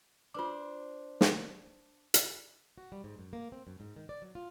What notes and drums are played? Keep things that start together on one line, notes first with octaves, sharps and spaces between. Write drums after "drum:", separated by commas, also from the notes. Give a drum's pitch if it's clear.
D4 F4 B4 C5 D6
drum: snare
drum: hi-hat
F#4
G3
G#2
F#2
A#3
C4
F#2
G#2
D#3
D5
F#3
F4